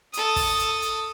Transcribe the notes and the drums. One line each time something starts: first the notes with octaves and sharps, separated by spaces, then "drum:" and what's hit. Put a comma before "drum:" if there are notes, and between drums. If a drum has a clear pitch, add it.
A4 D#6, drum: hi-hat
drum: kick, open hi-hat
drum: hi-hat
drum: hi-hat